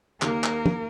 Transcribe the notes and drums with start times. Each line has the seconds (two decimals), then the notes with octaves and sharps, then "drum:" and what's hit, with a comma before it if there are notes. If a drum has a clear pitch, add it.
0.22 D#2 A#3 A#4, drum: clap
0.44 drum: clap
0.66 drum: tom